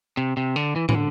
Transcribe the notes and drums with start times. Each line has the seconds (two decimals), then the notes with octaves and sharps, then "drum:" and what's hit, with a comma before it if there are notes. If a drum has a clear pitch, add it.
0.17 C3
0.37 C3
0.56 D3
0.76 E3
0.89 E3, drum: tom
0.95 D3